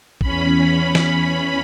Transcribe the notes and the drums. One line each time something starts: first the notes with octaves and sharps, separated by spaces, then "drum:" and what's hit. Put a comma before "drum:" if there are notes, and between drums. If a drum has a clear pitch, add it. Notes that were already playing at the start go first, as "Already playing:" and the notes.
E2 C#4 B5, drum: kick
drum: snare